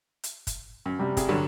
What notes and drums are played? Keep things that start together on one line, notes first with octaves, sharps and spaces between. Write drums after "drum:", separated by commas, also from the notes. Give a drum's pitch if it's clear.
drum: hi-hat
drum: kick F#1, hi-hat
F#2
C3 G3
C2 G#4, drum: kick F#1, hi-hat
G2 D3 F#3